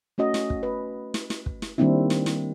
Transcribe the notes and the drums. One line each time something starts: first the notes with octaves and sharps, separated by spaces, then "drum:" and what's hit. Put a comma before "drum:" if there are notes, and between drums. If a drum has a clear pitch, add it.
A3 C#4 F#4 D#5
drum: snare
drum: kick
B4
drum: snare
drum: snare
drum: kick
drum: snare
D#3 G3 A#3 C4 D4 E4
drum: snare
drum: snare